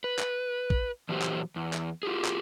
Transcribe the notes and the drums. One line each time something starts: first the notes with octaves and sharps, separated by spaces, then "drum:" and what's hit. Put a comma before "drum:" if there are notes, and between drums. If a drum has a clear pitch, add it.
B4
drum: clap
drum: kick A#1
A#2 E3 F#3 G4 C5
drum: clap
E2
drum: clap
F4 G4 G#4
drum: clap